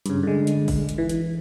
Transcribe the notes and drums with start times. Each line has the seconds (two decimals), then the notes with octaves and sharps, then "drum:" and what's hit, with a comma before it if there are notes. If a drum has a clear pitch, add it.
0.06 G2 C#3, drum: hi-hat
0.23 D3 G#3
0.47 drum: hi-hat
0.68 drum: kick, open hi-hat
0.89 drum: hi-hat
0.98 E3
1.09 drum: hi-hat